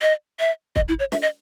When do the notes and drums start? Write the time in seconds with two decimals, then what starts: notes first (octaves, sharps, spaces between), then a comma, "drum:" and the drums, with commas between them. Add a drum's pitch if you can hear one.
0.02 D#5
0.40 E5
0.76 D#5, drum: kick
0.88 E4
0.99 C#5
1.12 E5, drum: snare
1.22 D#5